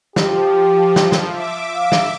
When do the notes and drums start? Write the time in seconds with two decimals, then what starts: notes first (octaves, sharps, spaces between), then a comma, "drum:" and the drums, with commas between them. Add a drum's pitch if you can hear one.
0.16 F3 G4, drum: snare
0.96 drum: snare
1.12 drum: snare
1.28 E5 D6
1.76 F5
1.92 drum: snare